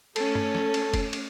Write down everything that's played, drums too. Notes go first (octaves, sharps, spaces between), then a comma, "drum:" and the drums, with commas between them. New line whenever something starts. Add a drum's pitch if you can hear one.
A3 C#4 A4, drum: cymbal
drum: tom G2
drum: snare
drum: cymbal
drum: kick F1, cymbal
drum: cymbal